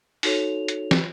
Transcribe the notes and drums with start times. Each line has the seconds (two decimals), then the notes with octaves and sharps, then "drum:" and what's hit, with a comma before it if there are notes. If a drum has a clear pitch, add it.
0.23 D#4 F#4 A4 C#5 F7, drum: open hi-hat
0.68 drum: hi-hat
0.91 drum: snare